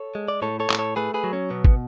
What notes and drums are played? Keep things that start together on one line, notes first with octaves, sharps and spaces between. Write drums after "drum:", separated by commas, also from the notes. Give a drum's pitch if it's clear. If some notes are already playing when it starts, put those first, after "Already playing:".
Already playing: A4 C#5
G#3
D5
A2 A4 C#5
A4 C#5
A2, drum: clap
A4 C#5
A3 G#4 B4
G#4 B4
F#3
C#4
B2 B3
drum: kick G#1